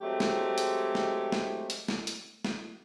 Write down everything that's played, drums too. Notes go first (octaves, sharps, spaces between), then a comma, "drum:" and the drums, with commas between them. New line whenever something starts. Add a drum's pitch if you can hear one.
F#3 G#3 A3 C4 G4
drum: snare
drum: hi-hat
drum: snare
drum: snare
drum: hi-hat
drum: snare
drum: hi-hat
drum: snare